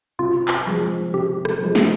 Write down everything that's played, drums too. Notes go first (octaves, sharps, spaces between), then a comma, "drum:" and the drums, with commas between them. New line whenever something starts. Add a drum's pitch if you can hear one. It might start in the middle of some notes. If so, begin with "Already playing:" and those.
C3 F4
drum: clap
F3 G#3
C3 G4
drum: rim click
F3 G#3
drum: snare